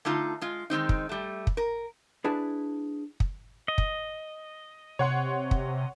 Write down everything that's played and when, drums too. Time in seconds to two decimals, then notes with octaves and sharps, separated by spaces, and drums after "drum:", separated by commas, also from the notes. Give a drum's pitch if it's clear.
0.05 D3 A3 D#4 F4
0.41 G#3 F4
0.70 D#3 G#3 C4 D#4
0.89 drum: kick
1.09 G3 A3
1.47 drum: kick
1.57 A#4
2.24 D4 E4 G#4 B4 A5
3.20 drum: kick
3.68 D#5
3.78 drum: kick
4.99 C3 C#5 F#5 C6
5.51 drum: kick